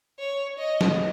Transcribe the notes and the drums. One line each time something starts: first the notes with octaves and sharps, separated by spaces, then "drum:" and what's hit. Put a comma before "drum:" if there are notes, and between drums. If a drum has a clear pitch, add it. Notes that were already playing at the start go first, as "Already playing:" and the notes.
C#5
D#5
drum: snare